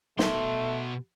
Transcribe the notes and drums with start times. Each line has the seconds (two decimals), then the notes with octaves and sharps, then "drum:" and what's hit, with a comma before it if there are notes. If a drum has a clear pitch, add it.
0.19 B2 A3 C6, drum: snare